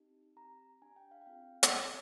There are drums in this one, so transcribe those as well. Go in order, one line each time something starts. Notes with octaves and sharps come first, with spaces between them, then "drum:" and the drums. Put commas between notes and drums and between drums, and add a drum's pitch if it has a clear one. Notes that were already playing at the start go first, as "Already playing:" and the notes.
Already playing: C4 D#4 G4
C4 G4 A#5
D4 G4 G#5
G5
F5
G5
C4 F4 G#4 F5
drum: hi-hat
C4 G4